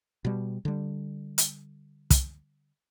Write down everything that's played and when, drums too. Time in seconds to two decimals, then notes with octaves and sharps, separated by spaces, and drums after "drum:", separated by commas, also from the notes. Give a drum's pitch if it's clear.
0.25 B2 G3
0.65 D3 G3
1.38 drum: hi-hat
2.10 drum: kick, hi-hat